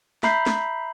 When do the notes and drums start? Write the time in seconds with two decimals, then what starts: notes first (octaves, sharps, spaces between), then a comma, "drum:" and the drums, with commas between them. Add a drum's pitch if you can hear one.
0.23 E5 A#5 B5 G6 C7, drum: snare
0.46 drum: snare